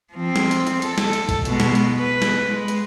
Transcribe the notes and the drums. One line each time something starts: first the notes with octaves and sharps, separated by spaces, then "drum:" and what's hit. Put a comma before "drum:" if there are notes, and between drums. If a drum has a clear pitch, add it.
F3 C4
drum: snare
drum: hi-hat
drum: hi-hat
A4, drum: hi-hat
drum: snare
drum: hi-hat
drum: kick, hi-hat
B2 G#3, drum: hi-hat
drum: snare
drum: hi-hat
B4
drum: snare
G#3
drum: hi-hat